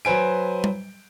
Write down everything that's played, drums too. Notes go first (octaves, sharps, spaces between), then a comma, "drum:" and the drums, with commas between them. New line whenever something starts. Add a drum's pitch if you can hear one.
F#3 B4 C5 G#5 D7
drum: tom G3